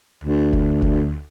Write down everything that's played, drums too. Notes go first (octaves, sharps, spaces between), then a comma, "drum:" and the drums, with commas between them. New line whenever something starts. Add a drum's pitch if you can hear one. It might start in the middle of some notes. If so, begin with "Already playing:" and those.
D2
drum: kick F1
drum: kick F1